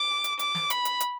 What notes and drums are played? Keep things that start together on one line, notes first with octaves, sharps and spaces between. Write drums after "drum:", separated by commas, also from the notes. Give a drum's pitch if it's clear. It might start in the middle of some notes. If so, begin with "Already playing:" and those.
Already playing: D6
drum: hi-hat
D6, drum: hi-hat
drum: snare
B5, drum: hi-hat
drum: hi-hat
drum: hi-hat